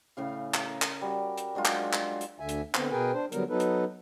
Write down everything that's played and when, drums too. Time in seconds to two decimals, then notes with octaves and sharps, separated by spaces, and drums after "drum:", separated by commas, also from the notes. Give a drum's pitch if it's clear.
0.17 A2 C#3 F5
0.54 drum: clap
0.65 A#4
0.82 drum: clap
1.01 G3 F#4
1.38 drum: hi-hat
1.55 F#3 G#3 D4 F4
1.65 drum: clap
1.93 drum: clap
2.21 drum: hi-hat
2.40 D2 D3 E5 G#5
2.49 drum: hi-hat
2.74 D3 B3 C4, drum: clap
2.91 B2 G#4 A#4 B4 G5 G#5
3.13 D4 C5
3.32 D3 F#3 G3 B3 A#4, drum: hi-hat
3.49 F#3 B3 D#4 A4 B4
3.60 drum: hi-hat